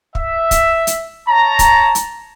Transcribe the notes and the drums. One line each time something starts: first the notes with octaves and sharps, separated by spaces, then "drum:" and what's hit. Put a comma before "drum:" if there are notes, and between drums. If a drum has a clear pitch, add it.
E5, drum: kick
drum: kick, hi-hat
drum: hi-hat
C#5 A5 A#5
drum: kick, hi-hat
drum: hi-hat